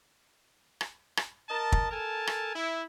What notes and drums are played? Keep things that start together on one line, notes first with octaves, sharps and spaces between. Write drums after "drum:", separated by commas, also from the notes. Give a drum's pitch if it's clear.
drum: rim click
drum: rim click
A#4 D#5 A5
drum: kick
A4 A#4 G#5 A5
drum: rim click
E4